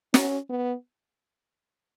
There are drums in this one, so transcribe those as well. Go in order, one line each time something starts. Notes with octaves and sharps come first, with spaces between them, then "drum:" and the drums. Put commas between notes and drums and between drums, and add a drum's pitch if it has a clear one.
C#4, drum: snare
B3